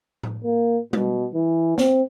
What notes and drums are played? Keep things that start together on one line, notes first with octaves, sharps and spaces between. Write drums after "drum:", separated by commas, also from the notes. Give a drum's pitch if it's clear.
drum: tom A2
A#3
B2, drum: tom G3
E3
C4, drum: snare